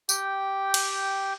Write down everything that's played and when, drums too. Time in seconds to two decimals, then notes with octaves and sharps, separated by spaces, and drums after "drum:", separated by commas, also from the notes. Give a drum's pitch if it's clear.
0.09 G4 G5, drum: tambourine
0.74 drum: cymbal